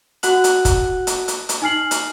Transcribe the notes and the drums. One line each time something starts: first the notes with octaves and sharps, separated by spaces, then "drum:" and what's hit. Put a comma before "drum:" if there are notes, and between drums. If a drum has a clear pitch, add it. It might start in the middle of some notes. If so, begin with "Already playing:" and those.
F#4 F#5 F#6 F#7, drum: hi-hat
drum: hi-hat
drum: kick, hi-hat
drum: hi-hat
drum: hi-hat
drum: hi-hat
D#4 G#5 F6 C7 F#7
drum: hi-hat